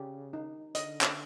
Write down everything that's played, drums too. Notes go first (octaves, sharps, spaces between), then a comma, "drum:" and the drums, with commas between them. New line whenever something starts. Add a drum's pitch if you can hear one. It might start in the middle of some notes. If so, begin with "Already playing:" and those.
Already playing: C#3 G4
D#4
D3 D#5, drum: hi-hat
drum: clap